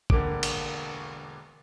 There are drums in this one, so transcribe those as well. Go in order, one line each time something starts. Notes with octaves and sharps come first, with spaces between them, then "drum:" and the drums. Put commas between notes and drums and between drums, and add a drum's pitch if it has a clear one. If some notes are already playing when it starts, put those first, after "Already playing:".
E1 D3 A#3 D6 D7, drum: kick
drum: cymbal